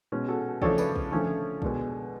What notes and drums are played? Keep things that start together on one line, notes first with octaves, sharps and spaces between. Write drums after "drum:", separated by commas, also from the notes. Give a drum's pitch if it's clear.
B2 G#3 C#4
F#4 A4
C#3 F3 A3 D4 A4 C#5, drum: kick
B4 D5, drum: tambourine
drum: kick
D3 F3 A3 C#4 A4 C#5
B2 G#3 D4, drum: kick